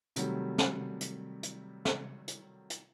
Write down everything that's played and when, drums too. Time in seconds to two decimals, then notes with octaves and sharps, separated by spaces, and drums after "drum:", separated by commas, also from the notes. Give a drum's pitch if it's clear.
0.16 C3 D#3 F#3 G3 A3, drum: hi-hat
0.58 drum: snare
1.01 drum: hi-hat
1.43 drum: hi-hat
1.85 drum: snare
2.28 drum: hi-hat
2.70 drum: hi-hat